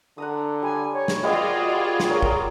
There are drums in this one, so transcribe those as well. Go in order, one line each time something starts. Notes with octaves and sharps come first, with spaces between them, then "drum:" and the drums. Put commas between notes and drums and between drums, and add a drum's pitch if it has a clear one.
D3 F#5 A#5 D#6
G3 G#5
C#5
drum: snare
G3 A#3 F4 F#4 G#4 C5 D5 D#5
G4
drum: snare
A#4 C#5
drum: kick G#1